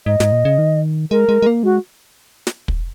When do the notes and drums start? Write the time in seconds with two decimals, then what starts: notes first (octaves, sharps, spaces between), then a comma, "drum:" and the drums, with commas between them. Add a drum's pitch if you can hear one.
0.06 G#2 D#5
0.20 G#2, drum: snare
0.32 A#2
0.45 C#3
0.58 D#3
1.11 G#3 A#4
1.29 G#3
1.42 G#3
1.47 A#3
1.63 G#3 F#4
2.47 drum: snare
2.68 drum: kick